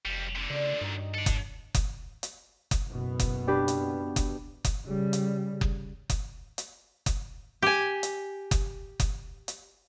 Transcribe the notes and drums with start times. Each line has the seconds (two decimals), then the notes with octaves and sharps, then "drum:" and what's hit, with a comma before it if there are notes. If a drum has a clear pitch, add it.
0.05 F1 F2 G3
0.36 A#2 D3
0.50 C#3 A3 D5
0.81 G2 D#3 F#3 D#4
1.14 A4 D5
1.26 drum: kick F#1, hi-hat
1.74 drum: kick F#1, hi-hat
2.23 drum: hi-hat
2.71 drum: kick F#1, hi-hat
2.88 F#1 B2 B3
3.19 drum: kick F#1, hi-hat
3.47 D4 G4 B4
3.68 drum: hi-hat
4.16 drum: kick F#1, hi-hat
4.65 drum: kick F#1, hi-hat
4.86 C#3 G3
5.13 drum: hi-hat
5.61 drum: kick F#1
6.10 drum: kick F#1, hi-hat
6.58 drum: hi-hat
7.06 drum: kick F#1, hi-hat
7.63 G4 G#5
8.03 drum: hi-hat
8.51 drum: kick F#1, hi-hat
9.00 drum: kick F#1, hi-hat
9.48 drum: hi-hat